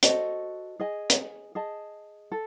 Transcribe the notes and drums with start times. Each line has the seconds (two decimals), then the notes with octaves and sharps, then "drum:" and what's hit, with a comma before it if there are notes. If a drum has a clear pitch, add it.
0.03 F#4 A4 C5 D#5, drum: hi-hat
0.80 G#4 D#5 G#5
1.10 drum: hi-hat
1.55 G#4 D#5 A5
2.32 A4